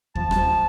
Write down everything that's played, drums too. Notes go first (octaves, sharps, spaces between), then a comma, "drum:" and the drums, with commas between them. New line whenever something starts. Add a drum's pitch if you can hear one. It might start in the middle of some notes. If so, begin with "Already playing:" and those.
F3 A5, drum: kick D#2
F3, drum: rim click